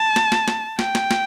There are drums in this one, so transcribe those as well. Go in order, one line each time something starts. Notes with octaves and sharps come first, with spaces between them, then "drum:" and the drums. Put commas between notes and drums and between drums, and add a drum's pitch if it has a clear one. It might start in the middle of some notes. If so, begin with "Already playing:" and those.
Already playing: A5
drum: snare
drum: snare
drum: snare
G5, drum: snare
drum: snare
drum: snare